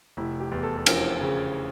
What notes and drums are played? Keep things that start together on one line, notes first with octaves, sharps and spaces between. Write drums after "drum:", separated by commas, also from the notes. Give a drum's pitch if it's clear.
F1 E4
G4
E2
A4
A4
F3 A#4, drum: cymbal
C#3